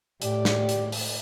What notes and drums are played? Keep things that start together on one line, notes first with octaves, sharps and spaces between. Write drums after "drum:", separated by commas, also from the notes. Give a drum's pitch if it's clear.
A2 G4 D5, drum: hi-hat
drum: snare
drum: hi-hat
drum: open hi-hat